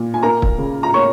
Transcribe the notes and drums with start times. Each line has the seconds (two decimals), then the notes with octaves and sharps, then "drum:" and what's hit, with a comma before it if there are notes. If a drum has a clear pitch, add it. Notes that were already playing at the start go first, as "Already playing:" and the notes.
Already playing: A#2
0.14 G#5
0.23 A#3 A#4 A#5
0.42 drum: kick
0.58 C#3
0.83 A#5
0.94 A#3 C#5 C#6